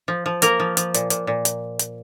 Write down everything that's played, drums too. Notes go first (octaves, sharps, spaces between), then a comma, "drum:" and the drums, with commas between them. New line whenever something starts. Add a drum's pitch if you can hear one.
F3
F3
A#3 A#4, drum: hi-hat
F3
F3, drum: hi-hat
A#2, drum: hi-hat
A#2, drum: hi-hat
A#2
drum: hi-hat
drum: hi-hat